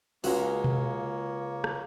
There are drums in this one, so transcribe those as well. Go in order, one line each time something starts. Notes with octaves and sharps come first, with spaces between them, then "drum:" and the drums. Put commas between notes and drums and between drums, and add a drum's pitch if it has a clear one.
C#2 G#3 A#3 C#4 F#4 C#5, drum: open hi-hat
drum: tom B2
drum: rim click